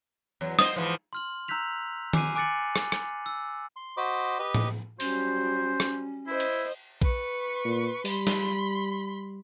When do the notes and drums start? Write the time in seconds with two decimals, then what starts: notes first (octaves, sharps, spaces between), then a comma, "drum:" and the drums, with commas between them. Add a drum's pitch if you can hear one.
0.41 E2 F#3
0.59 C5 D#5 D#6, drum: snare
0.76 G#2 E3 F3
1.13 C6 F6 F#7
1.48 A#5 E6 F#6 G6 B6 F7
2.13 G#5 D6 F#6 C7 D#7, drum: tom D#3
2.35 G#5 D6 F#6 A6 C#7 F#7
2.76 drum: rim click
2.92 drum: rim click
3.26 E6
3.76 C6
3.97 F#4 C5 D#5 B5 D6
4.39 G4 B4 D#5
4.54 drum: tom A2
5.00 F#3 G3 C#4 C5, drum: open hi-hat
5.80 drum: rim click
6.27 E4 C5 D#5
6.40 drum: cymbal
7.02 B4 C#6, drum: kick A#1
7.65 A#2
8.05 G3 B5 C6, drum: open hi-hat
8.27 drum: snare